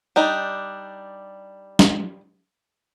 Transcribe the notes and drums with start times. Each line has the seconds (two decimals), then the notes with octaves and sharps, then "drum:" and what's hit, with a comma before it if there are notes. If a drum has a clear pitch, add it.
0.16 G3 D4 D#4
1.79 drum: snare